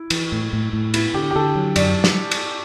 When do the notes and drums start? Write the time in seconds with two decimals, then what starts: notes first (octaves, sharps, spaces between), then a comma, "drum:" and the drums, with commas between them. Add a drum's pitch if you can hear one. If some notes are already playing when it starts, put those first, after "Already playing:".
Already playing: E4
0.10 E3, drum: cymbal
0.32 A2
0.53 A2
0.73 A2
0.94 B3 E4, drum: cymbal
1.14 D3 G4
1.31 G4
1.36 D3 A4
1.55 F#3
1.76 F#2 D5, drum: cymbal
2.04 drum: snare
2.31 drum: cymbal